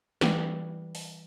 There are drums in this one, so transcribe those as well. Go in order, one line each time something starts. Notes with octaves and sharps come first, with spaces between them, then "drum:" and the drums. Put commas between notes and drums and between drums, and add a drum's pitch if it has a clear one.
E3 G3, drum: snare
drum: open hi-hat